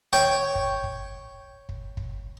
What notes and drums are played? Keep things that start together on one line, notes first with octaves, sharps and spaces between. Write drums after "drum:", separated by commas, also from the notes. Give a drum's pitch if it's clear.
C#5 G5
drum: kick
drum: kick
drum: kick
drum: kick